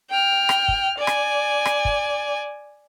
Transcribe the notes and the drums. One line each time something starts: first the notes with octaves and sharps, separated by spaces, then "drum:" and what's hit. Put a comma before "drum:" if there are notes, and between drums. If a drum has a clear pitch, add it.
G5 F6
drum: rim click
drum: kick
D5 G#5
drum: rim click
drum: rim click
drum: kick